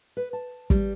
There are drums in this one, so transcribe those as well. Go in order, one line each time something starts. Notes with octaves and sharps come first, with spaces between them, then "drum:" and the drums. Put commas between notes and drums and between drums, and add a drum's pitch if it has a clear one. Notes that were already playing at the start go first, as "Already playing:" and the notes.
B4
A5
G3, drum: kick